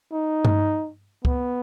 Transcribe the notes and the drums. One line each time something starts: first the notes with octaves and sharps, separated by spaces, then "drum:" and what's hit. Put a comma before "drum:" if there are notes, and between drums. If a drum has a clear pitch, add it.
D#4
drum: tom G2
B3, drum: kick